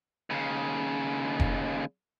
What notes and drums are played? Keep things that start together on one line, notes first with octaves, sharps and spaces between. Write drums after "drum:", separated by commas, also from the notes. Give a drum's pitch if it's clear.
D#2 C#3
drum: kick F1